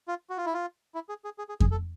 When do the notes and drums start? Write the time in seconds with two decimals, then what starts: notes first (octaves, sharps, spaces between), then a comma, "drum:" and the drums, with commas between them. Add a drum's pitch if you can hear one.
0.08 F4
0.30 F#4
0.38 F4
0.46 E4
0.54 F4
0.95 E4
1.09 G#4
1.25 G#4
1.38 G#4
1.49 G#4
1.60 G#4, drum: kick F2
1.71 A4